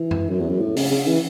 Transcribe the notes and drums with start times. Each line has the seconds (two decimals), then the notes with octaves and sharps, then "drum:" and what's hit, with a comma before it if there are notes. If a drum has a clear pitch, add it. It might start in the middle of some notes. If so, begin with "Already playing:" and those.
Already playing: E3
0.11 drum: tom F#2
0.30 F#2
0.40 E2
0.50 F#2
0.61 A2
0.76 C#3, drum: open hi-hat
0.91 C#3
1.07 E3